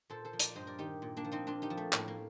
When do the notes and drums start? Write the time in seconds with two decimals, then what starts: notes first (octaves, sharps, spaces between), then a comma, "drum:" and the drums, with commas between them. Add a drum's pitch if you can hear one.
0.10 A#2 A4 C5
0.25 A4 C5
0.33 F3
0.39 A#4 D5, drum: hi-hat
0.55 G2 C5 D#5
0.67 A#4 D5
0.79 D#3 D#4 G4
1.02 A#2
1.17 A#3 D4
1.24 F3
1.32 C4 D#4
1.47 A#2 D4 F4
1.62 D#4 G4
1.70 F3
1.77 A3
1.93 A2 A#3, drum: clap
2.08 A#3